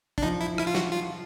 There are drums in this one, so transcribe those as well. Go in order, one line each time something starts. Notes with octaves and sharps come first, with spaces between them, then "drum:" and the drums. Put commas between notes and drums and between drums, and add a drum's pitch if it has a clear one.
D4, drum: kick
F3 D#4
E4
E4, drum: rim click
F4
F#4, drum: snare
F4